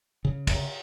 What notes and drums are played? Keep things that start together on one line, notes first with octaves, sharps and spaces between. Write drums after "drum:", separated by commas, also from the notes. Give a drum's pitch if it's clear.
C#3
drum: kick, cymbal